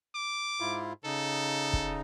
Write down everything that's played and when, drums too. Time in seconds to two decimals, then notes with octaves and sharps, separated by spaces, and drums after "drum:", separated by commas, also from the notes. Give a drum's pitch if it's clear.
0.15 D6
0.60 G#2 E4 F4
1.04 C#3 D#4 A4
1.73 drum: kick